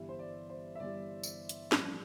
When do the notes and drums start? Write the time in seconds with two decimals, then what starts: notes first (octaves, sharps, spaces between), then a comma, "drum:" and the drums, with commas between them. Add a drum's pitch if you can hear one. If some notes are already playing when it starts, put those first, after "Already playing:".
Already playing: G1 G2 E3 G3 E5
0.09 C5
0.19 D5
0.50 C5
0.75 E5
0.79 G1 G2 E3 G3 D5
1.23 drum: tambourine
1.49 drum: hi-hat
1.72 A1 G2 F3, drum: snare